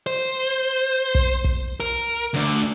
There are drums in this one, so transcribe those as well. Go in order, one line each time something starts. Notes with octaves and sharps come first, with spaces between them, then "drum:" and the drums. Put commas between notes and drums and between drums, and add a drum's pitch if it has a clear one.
C5
drum: kick
drum: kick
A#4
D2 D3